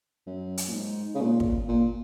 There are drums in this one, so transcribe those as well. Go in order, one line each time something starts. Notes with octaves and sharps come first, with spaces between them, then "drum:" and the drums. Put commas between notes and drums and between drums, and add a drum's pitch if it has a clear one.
F#2
drum: hi-hat
A#2
G#2
C#3
A#2
drum: kick
A#2